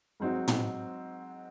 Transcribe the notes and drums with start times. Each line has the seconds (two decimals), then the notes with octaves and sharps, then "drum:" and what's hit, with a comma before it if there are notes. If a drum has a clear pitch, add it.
0.20 G#2 F#3 C4 D#4 F#4
0.48 drum: tom